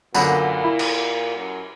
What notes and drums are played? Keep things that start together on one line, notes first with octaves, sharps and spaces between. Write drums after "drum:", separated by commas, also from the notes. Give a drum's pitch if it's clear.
F#2 A#2 D3 B3, drum: tambourine
E4
drum: cymbal
F#2